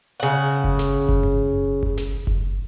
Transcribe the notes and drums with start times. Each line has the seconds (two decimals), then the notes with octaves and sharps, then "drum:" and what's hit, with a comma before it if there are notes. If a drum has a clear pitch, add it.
0.20 C#3 F#5
0.64 drum: kick F#1
0.79 drum: snare
1.09 drum: kick F#1
1.23 drum: tom F#2
1.83 drum: kick F#1
1.97 drum: snare
2.27 drum: kick F#1